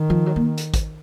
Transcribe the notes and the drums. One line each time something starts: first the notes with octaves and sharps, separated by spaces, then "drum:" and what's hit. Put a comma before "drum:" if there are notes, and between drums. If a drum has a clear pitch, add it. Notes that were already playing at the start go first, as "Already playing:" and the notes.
Already playing: D#3
F3
F#3
A#3
drum: hi-hat
drum: kick, hi-hat